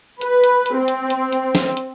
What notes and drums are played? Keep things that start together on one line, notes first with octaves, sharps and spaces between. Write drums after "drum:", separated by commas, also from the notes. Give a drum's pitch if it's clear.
B4, drum: hi-hat
drum: hi-hat
drum: hi-hat
C4
drum: hi-hat
drum: hi-hat
drum: hi-hat
drum: snare
drum: hi-hat